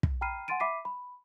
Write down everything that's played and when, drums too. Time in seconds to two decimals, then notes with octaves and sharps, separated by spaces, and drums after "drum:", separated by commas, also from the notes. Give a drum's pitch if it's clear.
0.03 drum: kick
0.21 G5 A#5 B5 F6 C7 D#7
0.48 F#5 G#5 C6 A6 D7 D#7
0.60 E5 B5 D6 B6 C7 D#7
0.85 B5